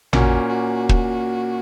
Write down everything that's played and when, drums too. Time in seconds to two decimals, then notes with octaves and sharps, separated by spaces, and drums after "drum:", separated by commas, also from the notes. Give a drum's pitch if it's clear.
0.13 A#2 A#3 C#4 F#4, drum: tom A1
0.48 F#4
0.89 drum: kick